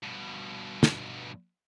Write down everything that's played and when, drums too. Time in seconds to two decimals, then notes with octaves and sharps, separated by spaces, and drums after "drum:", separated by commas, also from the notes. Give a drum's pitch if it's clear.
0.03 G2 B2
0.83 drum: snare